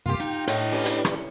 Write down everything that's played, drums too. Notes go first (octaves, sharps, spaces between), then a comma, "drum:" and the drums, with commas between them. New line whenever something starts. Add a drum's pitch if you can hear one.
G2 C3 A#3 F4 G4
D#4 G5
A2 D4 D#5, drum: hi-hat
C#4 G4 B4 D5
drum: hi-hat
drum: rim click